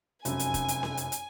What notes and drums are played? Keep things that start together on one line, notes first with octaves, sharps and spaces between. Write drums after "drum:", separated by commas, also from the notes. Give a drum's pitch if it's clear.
F1 F#2 G#5, drum: hi-hat
drum: hi-hat
drum: kick E1, hi-hat
drum: hi-hat
drum: snare C#4
drum: hi-hat
drum: hi-hat